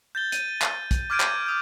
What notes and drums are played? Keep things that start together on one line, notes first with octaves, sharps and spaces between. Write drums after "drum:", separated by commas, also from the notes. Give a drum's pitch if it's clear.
G6 A6 G7
D#7, drum: hi-hat
drum: clap
drum: kick, hi-hat
D6 F6 G6 G#6 D7 D#7
drum: clap
D6 D#6 G6